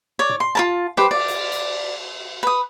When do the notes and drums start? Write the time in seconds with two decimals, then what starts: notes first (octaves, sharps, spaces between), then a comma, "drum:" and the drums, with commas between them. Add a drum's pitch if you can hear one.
0.19 C#5 D5
0.29 drum: tom
0.40 C6
0.55 F4 A#4 A5
0.97 G4 B4 C5, drum: snare
1.11 D5, drum: cymbal
1.28 drum: hi-hat
1.52 drum: hi-hat
2.43 B4 D#6